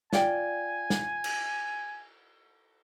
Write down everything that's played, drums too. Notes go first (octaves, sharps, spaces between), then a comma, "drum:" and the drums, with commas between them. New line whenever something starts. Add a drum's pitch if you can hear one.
F4 D5 G5 G#5, drum: snare
drum: snare
drum: cymbal